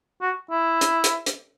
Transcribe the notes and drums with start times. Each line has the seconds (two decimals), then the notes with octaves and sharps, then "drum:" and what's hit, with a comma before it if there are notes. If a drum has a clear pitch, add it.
0.22 F#4
0.51 E4
0.81 drum: hi-hat
1.04 drum: hi-hat
1.26 drum: hi-hat